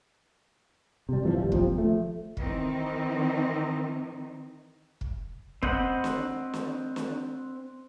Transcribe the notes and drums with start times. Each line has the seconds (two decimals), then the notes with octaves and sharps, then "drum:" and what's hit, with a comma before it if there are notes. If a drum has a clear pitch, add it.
1.09 C3 G3
1.23 A#2 E3 F3
1.37 D#1 G3
1.52 A#2 F3 C4, drum: kick
1.65 E1
1.78 F3 A3
2.37 D#3 E3 C4 D#4, drum: kick
5.01 drum: kick
5.63 C4 C5 D#5 F#5 B5, drum: kick
6.04 drum: snare
6.54 drum: snare
6.96 drum: snare